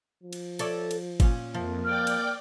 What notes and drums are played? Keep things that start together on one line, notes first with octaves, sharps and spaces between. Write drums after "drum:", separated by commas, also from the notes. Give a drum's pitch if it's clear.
F3
drum: cymbal
A4 C#5 D5, drum: cymbal
drum: cymbal
A#2 C#4, drum: kick G1, cymbal
F2 F3 A#3
D5 G5 D6 F6
drum: cymbal